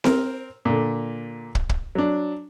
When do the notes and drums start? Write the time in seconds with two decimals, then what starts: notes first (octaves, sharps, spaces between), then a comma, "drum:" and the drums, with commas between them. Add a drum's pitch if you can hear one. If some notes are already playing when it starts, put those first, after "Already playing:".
0.04 C4 A#4, drum: snare C4
0.65 A#2 D3
1.55 drum: kick
1.69 drum: kick
1.95 F#3 D4